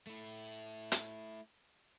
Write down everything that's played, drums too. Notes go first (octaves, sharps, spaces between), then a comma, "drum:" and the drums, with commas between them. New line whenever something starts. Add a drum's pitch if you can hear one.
A3 E4
drum: hi-hat